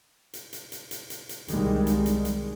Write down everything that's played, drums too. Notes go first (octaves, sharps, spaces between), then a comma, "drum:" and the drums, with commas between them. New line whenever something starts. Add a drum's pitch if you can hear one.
drum: hi-hat
drum: hi-hat
drum: hi-hat
drum: hi-hat
drum: hi-hat
drum: hi-hat
C2 D#3 G3 G#3, drum: hi-hat
drum: hi-hat
drum: hi-hat
drum: hi-hat